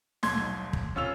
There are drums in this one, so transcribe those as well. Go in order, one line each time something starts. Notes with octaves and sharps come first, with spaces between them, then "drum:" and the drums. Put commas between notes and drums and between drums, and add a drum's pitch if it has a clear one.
D#1 B1 C6 G#6, drum: snare
drum: kick
F1 C#4 F4 E6 F7